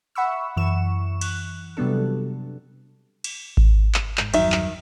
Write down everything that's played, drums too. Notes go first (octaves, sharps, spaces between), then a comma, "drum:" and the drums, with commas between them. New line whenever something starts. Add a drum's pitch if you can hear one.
E5 F#5 B5 C#6 E6
F#2 E3 C#6 E7
F#6, drum: cymbal
C3 F#3 G3 B3 D4 A4
drum: cymbal
drum: kick G#1
drum: clap
G#2 G6, drum: clap
E2 G2 D#3 F#3 E5, drum: cymbal
drum: clap